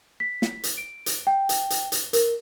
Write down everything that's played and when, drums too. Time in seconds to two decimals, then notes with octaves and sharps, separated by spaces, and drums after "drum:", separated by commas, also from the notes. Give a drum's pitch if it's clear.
0.20 B6
0.42 drum: snare
0.63 drum: hi-hat
0.77 D7
1.06 drum: hi-hat
1.27 G5
1.49 drum: hi-hat
1.70 drum: hi-hat
1.92 drum: hi-hat
2.13 A#4, drum: hi-hat